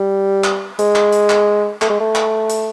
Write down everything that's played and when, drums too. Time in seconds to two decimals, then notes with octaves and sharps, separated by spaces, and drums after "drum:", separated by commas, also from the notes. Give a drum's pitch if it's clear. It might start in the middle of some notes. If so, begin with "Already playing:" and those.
Already playing: G3
0.44 drum: clap
0.79 G#3, drum: hi-hat
0.95 drum: clap
1.13 drum: hi-hat
1.30 drum: clap
1.82 A3, drum: clap
1.90 G#3
2.00 A3
2.15 drum: clap
2.50 drum: hi-hat